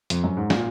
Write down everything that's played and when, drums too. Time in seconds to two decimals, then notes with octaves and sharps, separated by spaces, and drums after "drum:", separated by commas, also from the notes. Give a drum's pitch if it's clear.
0.10 F2, drum: hi-hat
0.24 F#2
0.37 G#2
0.50 A#2, drum: snare